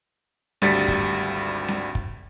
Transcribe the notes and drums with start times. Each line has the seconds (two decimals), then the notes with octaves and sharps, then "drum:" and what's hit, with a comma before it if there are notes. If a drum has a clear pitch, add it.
0.62 G#1 D2 G3 A6 B6 C#7, drum: snare C4
0.88 drum: kick
1.68 drum: snare C4
1.95 drum: kick